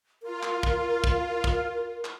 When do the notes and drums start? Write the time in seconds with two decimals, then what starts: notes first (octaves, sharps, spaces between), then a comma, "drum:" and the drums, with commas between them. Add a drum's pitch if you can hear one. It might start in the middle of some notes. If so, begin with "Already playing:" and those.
0.23 F4 A#4
0.43 drum: clap
0.63 drum: kick
1.04 drum: kick
1.44 drum: kick
2.05 drum: clap